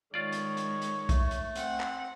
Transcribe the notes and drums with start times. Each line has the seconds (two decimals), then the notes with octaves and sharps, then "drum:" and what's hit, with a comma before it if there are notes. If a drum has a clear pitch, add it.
0.14 G#2 D#3 F4 C#5 D5
0.32 drum: hi-hat
0.57 drum: hi-hat
0.82 drum: hi-hat
1.09 A3, drum: kick, hi-hat
1.31 drum: hi-hat
1.55 C4 F#5, drum: hi-hat
1.80 drum: clap